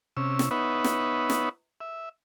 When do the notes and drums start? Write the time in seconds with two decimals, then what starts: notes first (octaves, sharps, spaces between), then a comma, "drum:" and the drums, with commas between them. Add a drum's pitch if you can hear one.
0.17 C3 C#4 E6
0.39 drum: snare
0.51 B3 D#4 B4 C#5 E5 F#5
0.84 drum: snare
1.30 drum: snare
1.81 E5